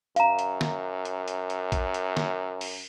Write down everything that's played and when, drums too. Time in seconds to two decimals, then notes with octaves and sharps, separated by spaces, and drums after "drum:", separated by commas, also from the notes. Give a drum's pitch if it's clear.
0.16 F#2 F5 A#5, drum: hi-hat
0.39 drum: hi-hat
0.61 drum: snare
1.05 drum: hi-hat
1.28 drum: hi-hat
1.50 drum: hi-hat
1.72 drum: kick, hi-hat
1.94 drum: hi-hat
2.17 drum: snare
2.61 drum: open hi-hat